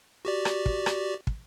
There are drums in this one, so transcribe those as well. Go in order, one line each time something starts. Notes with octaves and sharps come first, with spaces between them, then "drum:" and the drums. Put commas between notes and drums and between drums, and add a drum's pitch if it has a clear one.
F#4 G4 D5
drum: rim click
drum: kick
drum: rim click
drum: kick